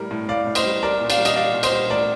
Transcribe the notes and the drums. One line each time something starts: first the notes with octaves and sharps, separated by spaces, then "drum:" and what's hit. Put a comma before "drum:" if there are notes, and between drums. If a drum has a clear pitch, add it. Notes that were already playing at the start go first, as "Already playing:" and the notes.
Already playing: A2 G3 A#4
A2
A2 D5 F5
A2
C5 D#5, drum: cymbal
G3
G3 A#4 D5
A#2
D5 F5, drum: cymbal
G3
D#5, drum: cymbal
G3 D5 F5
A#2
C5 D#5, drum: cymbal
G3
A2 A#4 D5